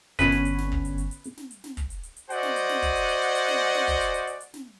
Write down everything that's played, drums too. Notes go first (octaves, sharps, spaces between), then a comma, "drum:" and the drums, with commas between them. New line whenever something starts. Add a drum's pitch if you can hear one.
G1 F#2 A#2 D3 B3 C#4 B4, drum: hi-hat
drum: snare
drum: hi-hat
drum: snare
drum: kick
drum: hi-hat
drum: hi-hat
drum: hi-hat
drum: hi-hat
drum: snare
drum: hi-hat
drum: snare
drum: kick, hi-hat
drum: hi-hat
drum: hi-hat
drum: hi-hat
F#4 C5 D5 D#5 F#5 G#5, drum: hi-hat
drum: snare
drum: hi-hat
drum: snare
drum: kick, hi-hat
drum: hi-hat
drum: hi-hat
drum: hi-hat
drum: hi-hat
drum: snare
drum: snare
drum: kick, hi-hat
drum: hi-hat
drum: hi-hat
drum: hi-hat
drum: hi-hat
drum: snare